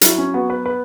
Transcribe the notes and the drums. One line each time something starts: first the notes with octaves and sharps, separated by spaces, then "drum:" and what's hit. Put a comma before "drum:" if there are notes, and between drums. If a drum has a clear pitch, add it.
F#3 E4, drum: hi-hat
C#4
B3 F#4
B4
B4